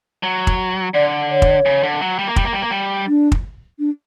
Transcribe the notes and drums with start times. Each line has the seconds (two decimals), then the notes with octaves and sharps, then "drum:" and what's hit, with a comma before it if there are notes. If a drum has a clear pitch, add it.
0.23 F#3
0.47 drum: kick
0.94 D3 D5
1.31 C#5
1.42 drum: kick
1.66 C#3
1.83 D3
2.01 F#3
2.19 G3
2.27 A#3
2.36 G3, drum: kick
2.45 A#3
2.53 G3
2.62 A#3
2.71 G3
3.07 D4
3.32 drum: kick
3.79 D4